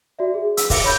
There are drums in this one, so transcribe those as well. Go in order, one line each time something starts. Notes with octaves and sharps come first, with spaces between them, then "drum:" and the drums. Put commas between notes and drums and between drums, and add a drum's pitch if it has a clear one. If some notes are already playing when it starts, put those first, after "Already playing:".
F#4 D5 E5
G#4
E6, drum: hi-hat
D6 C#7, drum: kick, open hi-hat
C#5 B5 E6 G6